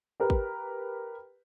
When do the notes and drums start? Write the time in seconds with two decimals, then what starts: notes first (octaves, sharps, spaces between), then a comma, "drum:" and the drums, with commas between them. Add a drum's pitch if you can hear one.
0.20 G4 A#4 B4
0.30 drum: kick